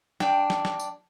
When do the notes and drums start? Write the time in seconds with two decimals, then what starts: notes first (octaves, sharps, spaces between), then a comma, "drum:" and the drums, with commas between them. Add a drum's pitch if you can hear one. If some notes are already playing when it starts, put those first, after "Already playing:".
0.20 D4 G5, drum: snare
0.50 drum: snare
0.65 drum: snare
0.80 drum: tambourine